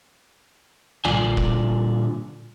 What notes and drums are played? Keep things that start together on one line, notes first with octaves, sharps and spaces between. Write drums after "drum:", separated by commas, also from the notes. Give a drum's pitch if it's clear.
A#2 D3 G3 F4 D5 G#5, drum: tom B1
drum: kick